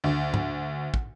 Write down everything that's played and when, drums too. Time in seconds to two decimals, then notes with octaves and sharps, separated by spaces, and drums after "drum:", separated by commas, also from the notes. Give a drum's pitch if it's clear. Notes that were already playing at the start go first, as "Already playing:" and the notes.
0.04 D2
0.34 drum: tom G#2
0.94 drum: kick